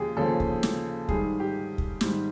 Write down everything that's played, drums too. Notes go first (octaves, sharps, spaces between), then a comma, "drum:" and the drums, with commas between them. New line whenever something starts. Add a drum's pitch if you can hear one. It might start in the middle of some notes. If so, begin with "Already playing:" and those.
Already playing: D#2 C#3 F3 G4 G#4
D#2 C#3 F3 A4
drum: kick
drum: snare
G#2 D#3 G3 G#4, drum: kick
G4
drum: kick
G#2 D#3 G3, drum: snare